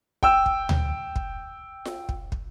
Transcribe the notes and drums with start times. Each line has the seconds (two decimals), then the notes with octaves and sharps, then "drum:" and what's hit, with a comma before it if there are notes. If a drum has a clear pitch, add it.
0.23 G5 E6, drum: kick
0.46 drum: kick
0.69 drum: tom D2
1.16 drum: kick
1.85 drum: snare F4
2.09 drum: kick
2.32 drum: kick